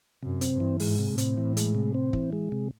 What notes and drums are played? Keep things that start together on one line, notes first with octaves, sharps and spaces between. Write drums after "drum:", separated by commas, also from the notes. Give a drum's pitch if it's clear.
F#2 C3
C4, drum: hi-hat
G2
E3
G#2 G#3, drum: open hi-hat
C3
A2
C4, drum: hi-hat
E3
G#3, drum: hi-hat
C3
C4
E3, drum: kick
G#3
C3